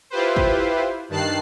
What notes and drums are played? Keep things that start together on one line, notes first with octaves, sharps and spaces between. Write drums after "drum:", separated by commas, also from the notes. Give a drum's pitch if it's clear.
E4 F4 G4 B4 C5
drum: kick
G2 D#3 A5 F#6 C7